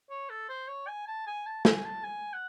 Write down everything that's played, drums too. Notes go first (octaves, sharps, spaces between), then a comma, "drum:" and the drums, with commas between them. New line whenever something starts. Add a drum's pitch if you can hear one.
C#5
A4
C5
C#5
G#5
A5
G#5
A5
G#5, drum: snare
A5
G#5
F#5